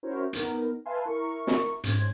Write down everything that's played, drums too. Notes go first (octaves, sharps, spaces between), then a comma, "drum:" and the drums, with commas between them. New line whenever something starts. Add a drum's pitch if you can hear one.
C#4 E4 F#4 A#4 C5 C#5
B3 D#4 A#4, drum: hi-hat
B4 E5 F5 G#5 A5 C6
E4 A#4 C#6
drum: snare
G#2 C#4 C5 G#6, drum: hi-hat